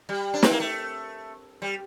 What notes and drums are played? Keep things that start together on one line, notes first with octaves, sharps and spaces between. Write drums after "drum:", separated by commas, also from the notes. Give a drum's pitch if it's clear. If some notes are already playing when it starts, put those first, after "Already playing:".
G3
D4
C4, drum: snare
A#3
A3
G3